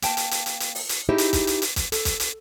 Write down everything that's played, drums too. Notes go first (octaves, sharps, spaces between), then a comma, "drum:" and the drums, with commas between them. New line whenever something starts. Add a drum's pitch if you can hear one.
A#3 G5 A5, drum: hi-hat
drum: hi-hat
drum: hi-hat
drum: hi-hat
drum: hi-hat
drum: open hi-hat
drum: hi-hat
D#4 E4 G4 G#4 C5 D#5
drum: hi-hat
drum: kick, hi-hat
drum: hi-hat
drum: hi-hat
drum: kick, hi-hat
A4, drum: hi-hat
drum: kick, hi-hat
drum: hi-hat